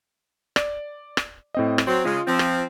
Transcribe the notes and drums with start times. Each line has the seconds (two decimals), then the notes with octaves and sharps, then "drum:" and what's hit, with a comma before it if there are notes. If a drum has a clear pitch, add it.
0.56 D5, drum: rim click
1.17 drum: rim click
1.55 A2 C4 D#5
1.78 drum: rim click
1.87 F#3 C4 C6
2.05 C#3 G#3 F4
2.27 F3 C4
2.39 drum: rim click